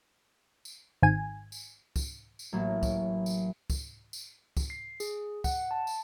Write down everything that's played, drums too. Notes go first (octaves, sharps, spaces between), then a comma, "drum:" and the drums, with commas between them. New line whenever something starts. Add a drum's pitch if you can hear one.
drum: tambourine
G#1 G#5
drum: tambourine
drum: kick C#2, tambourine
drum: tambourine
A1 F#3 A#3
drum: kick C#2, tambourine
drum: tambourine
drum: kick C#2, tambourine
drum: tambourine
drum: kick C#2, tambourine
C7
G#4, drum: tambourine
F#5, drum: kick C#2, tambourine
A5
drum: tambourine